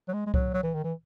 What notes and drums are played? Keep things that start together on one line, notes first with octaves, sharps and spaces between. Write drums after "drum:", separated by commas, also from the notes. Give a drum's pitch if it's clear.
F#3
G#3
G#3
F#3, drum: kick C2
F#3
E3
D#3
E3